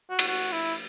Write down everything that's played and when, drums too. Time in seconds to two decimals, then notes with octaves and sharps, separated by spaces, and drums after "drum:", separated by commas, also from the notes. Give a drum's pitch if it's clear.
0.10 F#4
0.19 drum: cymbal
0.28 F#4
0.52 E4